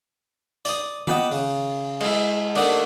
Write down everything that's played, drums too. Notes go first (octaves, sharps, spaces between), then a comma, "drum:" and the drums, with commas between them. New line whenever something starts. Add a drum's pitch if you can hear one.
D5 D#6, drum: hi-hat
D#5 F#5 G5 A5 B5 D6, drum: tom D#3
C#3, drum: open hi-hat
G#3 E4, drum: cymbal
D#2 A3 D4 D5 F#5 D#6, drum: cymbal